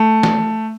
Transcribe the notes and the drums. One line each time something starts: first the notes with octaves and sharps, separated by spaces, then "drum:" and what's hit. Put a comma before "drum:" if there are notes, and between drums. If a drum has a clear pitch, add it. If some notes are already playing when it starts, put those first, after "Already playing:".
Already playing: A3
drum: snare